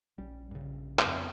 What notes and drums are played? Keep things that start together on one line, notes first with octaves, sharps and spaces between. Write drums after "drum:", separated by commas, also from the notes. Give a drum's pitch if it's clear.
A#1 G3 C#4
G2 C#3
F2 B3, drum: clap